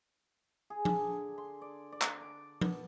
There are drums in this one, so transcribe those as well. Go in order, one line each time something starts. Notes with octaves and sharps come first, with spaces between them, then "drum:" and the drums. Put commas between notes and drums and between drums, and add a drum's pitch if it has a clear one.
G#4
D4, drum: tom F3
D3
C6
D5
D5
drum: clap
D6
B3, drum: tom F3